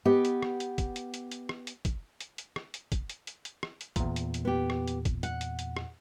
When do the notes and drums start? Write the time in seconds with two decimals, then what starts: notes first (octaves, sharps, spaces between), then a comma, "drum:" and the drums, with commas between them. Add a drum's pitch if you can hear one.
0.05 B3 G4 D#5
0.25 drum: hi-hat
0.42 drum: rim click
0.60 drum: hi-hat
0.78 drum: kick, hi-hat
0.96 drum: hi-hat
1.14 drum: hi-hat
1.31 drum: hi-hat
1.49 drum: rim click
1.67 drum: hi-hat
1.85 drum: kick, hi-hat
2.20 drum: hi-hat
2.38 drum: hi-hat
2.56 drum: rim click
2.74 drum: hi-hat
2.92 drum: kick, hi-hat
3.10 drum: hi-hat
3.27 drum: hi-hat
3.45 drum: hi-hat
3.63 drum: rim click
3.81 drum: hi-hat
3.96 E2 A#2, drum: kick, hi-hat
4.16 drum: hi-hat
4.34 drum: hi-hat
4.45 B3 G4
4.70 drum: rim click
4.88 drum: hi-hat
5.05 drum: kick, hi-hat
5.23 F#5, drum: hi-hat
5.41 drum: hi-hat
5.59 drum: hi-hat
5.77 drum: rim click